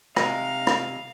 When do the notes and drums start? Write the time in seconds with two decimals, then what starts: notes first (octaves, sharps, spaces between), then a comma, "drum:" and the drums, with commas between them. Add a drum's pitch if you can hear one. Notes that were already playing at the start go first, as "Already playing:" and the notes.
0.16 C3 G#3 D#4 F5, drum: rim click
0.67 drum: rim click